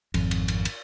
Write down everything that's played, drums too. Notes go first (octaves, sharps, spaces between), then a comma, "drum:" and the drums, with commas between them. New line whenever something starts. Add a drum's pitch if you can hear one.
G#1 F2, drum: cymbal
drum: cymbal
drum: cymbal
drum: cymbal